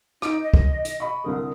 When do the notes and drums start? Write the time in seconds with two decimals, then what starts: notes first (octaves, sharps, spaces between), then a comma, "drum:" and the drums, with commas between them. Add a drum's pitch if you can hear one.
0.22 D#4 D6 D7, drum: rim click
0.42 D#5
0.54 drum: kick
0.85 drum: hi-hat
1.00 D#5 B5 C#6
1.24 C2 D3 A#4 D#6